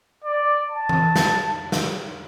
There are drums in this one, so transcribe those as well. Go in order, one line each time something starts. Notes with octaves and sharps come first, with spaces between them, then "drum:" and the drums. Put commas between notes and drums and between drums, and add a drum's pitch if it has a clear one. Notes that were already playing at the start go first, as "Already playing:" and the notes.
D5
A5
drum: tom E3
drum: snare
drum: snare